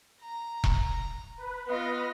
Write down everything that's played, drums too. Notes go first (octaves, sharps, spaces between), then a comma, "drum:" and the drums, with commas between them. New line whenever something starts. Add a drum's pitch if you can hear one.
A#5
drum: kick E1
B4
B3 F4 B4 D#5 A#6